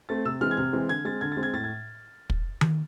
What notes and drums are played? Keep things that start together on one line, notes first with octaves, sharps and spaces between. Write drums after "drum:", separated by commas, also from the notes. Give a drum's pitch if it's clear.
A3 C4 A6
C3 E6
E3 G#3 C4 F6
G#6
C3 F6
E3 G#3 C4
D3 G#6
G#3 C4 A6
D3 G#6
G#3 C4 A6
G#6
A2 A6
G#6
drum: kick
drum: tom D#3